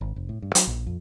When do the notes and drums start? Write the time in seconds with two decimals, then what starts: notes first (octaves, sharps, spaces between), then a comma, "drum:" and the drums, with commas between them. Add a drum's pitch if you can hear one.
0.01 G#1
0.16 F1
0.29 A2
0.42 G2
0.55 F#3, drum: hi-hat
0.67 A#1
0.86 F2